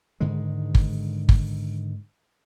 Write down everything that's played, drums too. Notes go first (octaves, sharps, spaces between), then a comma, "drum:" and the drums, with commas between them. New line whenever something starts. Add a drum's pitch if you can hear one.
G#2 D3 D#3 G#3
drum: kick
drum: kick